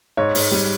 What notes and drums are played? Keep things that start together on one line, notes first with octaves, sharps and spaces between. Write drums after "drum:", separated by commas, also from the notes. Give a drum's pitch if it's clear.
G#2 C#5
G#2, drum: open hi-hat
G3